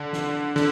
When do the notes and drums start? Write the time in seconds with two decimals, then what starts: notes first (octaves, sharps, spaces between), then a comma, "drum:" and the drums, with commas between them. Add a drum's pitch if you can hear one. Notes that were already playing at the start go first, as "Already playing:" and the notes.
Already playing: D3
0.13 drum: snare
0.56 D3, drum: snare